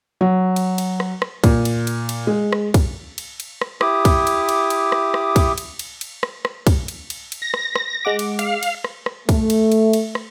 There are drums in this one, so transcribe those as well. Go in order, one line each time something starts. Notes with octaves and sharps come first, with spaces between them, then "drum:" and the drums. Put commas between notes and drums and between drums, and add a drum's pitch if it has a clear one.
F#3
drum: cymbal
drum: cymbal
drum: rim click
drum: rim click
A#2, drum: kick, cymbal
drum: cymbal
drum: cymbal
drum: cymbal
G#3
drum: rim click
drum: kick, cymbal
drum: cymbal
drum: cymbal
drum: rim click
E4 G4 D6 D#6, drum: rim click
drum: kick, cymbal
drum: cymbal
drum: cymbal
drum: cymbal
drum: rim click
drum: rim click
drum: kick, cymbal
drum: cymbal
drum: cymbal
drum: cymbal
drum: rim click
drum: rim click
drum: kick, cymbal
drum: cymbal
drum: cymbal
drum: cymbal
A#6
drum: rim click
drum: rim click
G#3 F#5 D6
drum: cymbal
F5, drum: cymbal
drum: cymbal
drum: rim click
drum: rim click
A3, drum: kick, cymbal
drum: cymbal
drum: cymbal
drum: cymbal
drum: rim click